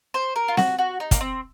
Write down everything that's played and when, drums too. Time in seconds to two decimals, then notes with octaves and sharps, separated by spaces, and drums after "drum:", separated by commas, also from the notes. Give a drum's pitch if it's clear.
0.14 C5
0.36 A#4
0.48 F4
0.57 F#4, drum: snare C4
0.79 F#4
1.00 D#4
1.11 A#3, drum: kick, hi-hat
1.21 C4